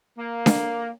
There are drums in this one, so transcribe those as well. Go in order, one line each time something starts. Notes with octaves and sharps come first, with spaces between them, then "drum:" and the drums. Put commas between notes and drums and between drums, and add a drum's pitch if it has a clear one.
A#3
drum: snare D4